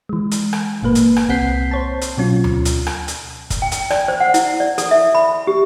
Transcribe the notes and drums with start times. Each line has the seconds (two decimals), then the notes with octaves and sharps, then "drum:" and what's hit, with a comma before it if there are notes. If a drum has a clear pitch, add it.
0.09 E3 G#3
0.31 drum: hi-hat
0.53 drum: rim click
0.82 G1 A#2 A#3 B4
0.95 drum: hi-hat
1.16 drum: rim click
1.29 C2 C4 F#5 G6 B6 C7
1.71 C5 C#5 A5
2.02 drum: hi-hat
2.17 B2 F#3 C#4 F4
2.44 drum: tom D2
2.65 drum: hi-hat
2.87 drum: rim click
3.08 drum: hi-hat
3.50 drum: kick, hi-hat
3.62 G5
3.72 drum: hi-hat
3.90 D5, drum: rim click
4.08 C5
4.20 F#5
4.34 E4, drum: hi-hat
4.60 D5
4.78 A4, drum: hi-hat
4.91 E5
5.15 B5
5.47 G4